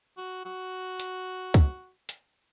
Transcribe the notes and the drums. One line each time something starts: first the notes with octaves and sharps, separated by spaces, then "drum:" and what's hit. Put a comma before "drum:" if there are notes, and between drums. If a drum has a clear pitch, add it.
F#4
F#4
drum: hi-hat
drum: kick, hi-hat
drum: hi-hat